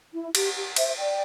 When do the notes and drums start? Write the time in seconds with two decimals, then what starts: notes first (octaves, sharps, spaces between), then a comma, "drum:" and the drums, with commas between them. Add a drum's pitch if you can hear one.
0.14 E4
0.35 G4, drum: cymbal
0.56 G4
0.76 C5 E5, drum: cymbal
0.97 D5 G5